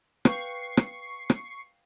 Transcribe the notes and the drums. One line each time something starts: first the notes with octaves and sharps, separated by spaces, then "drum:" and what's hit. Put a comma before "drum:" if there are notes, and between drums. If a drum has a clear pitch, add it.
B4 F5 G5 C#6 C7, drum: rim click
drum: rim click
drum: rim click